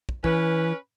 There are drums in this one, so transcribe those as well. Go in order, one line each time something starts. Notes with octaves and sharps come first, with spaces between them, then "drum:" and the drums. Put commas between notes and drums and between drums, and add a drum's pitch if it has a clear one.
drum: kick
E3 C#4 B4, drum: kick